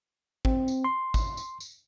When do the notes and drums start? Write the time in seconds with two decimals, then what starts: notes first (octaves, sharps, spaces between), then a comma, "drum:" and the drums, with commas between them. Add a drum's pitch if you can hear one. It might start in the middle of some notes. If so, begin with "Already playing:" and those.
0.45 C4, drum: kick G#1
0.68 drum: tambourine
0.84 C6
1.14 drum: kick G#1, tambourine
1.37 drum: tambourine
1.60 drum: tambourine